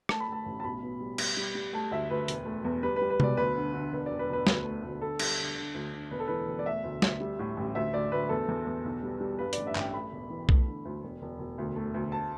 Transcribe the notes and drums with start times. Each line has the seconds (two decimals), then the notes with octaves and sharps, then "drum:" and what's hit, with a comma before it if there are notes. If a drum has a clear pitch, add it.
0.09 A3 A5, drum: rim click
0.20 B5
0.28 A3 A5
0.46 A1
0.60 A5
0.64 B1 B5
0.82 B2
1.01 G3
1.18 G3, drum: cymbal
1.37 G3
1.55 G3
1.73 A3 A5
1.91 D2 E5
2.10 D2 B4
2.28 E1, drum: hi-hat
2.46 A3
2.65 E2
2.83 G3 B4
2.96 B4
3.01 G3
3.10 B4
3.20 B1 D5, drum: tom C3
3.37 D2 B4
3.56 D3
3.74 D3
3.93 E1 B4
4.06 E1 D5
4.19 B4
4.29 E1 B4
4.47 D2, drum: snare
4.65 A3
4.83 D2
5.01 D3 A4
5.19 G3, drum: cymbal
5.38 D3
5.56 D3
5.74 D2
5.93 D3
6.11 E1 B4
6.20 A4
6.27 E3 B4
6.48 E1
6.59 D5
6.66 A3 E5
6.84 D2
7.02 D2, drum: snare
7.20 G3
7.39 A2
7.57 A1
7.75 D2 E5
7.93 D2 D5
8.12 D2 B4
8.29 E2 A4
8.48 E2
8.67 E2
8.84 B1
9.03 G3
9.20 G3
9.39 G2 B4
9.53 A1 D5, drum: hi-hat
9.67 E5
9.75 A1 G5, drum: clap
9.93 A3 B5
10.12 E1
10.30 E3
10.49 A3, drum: kick B1
10.67 D3
10.85 D2
11.03 E1
11.22 E1
11.39 E1
11.58 D2
11.76 A3
11.94 D2
12.12 A5